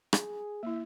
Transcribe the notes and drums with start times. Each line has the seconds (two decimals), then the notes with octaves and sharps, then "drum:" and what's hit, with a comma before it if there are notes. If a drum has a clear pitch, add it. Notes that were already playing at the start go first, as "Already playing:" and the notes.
0.13 G#4, drum: rim click
0.63 A#3 E4 E5